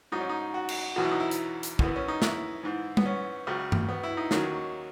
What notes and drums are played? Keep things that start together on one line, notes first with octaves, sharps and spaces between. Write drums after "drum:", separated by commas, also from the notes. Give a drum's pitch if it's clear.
G#2 F#3 D#4
C#4
D#4
F#4
drum: cymbal
E2 B2 F#3 F#4
E4
D#4
E4
drum: hi-hat
drum: hi-hat
F#2 E3 B3, drum: kick
C#4
D#4
E4, drum: snare
G#2 E3
B3, drum: tom G3
C#4
C#2 C#3 F#3
drum: tom G2
B3
E4
D#4
D#2 D#3 F#3 C#4, drum: snare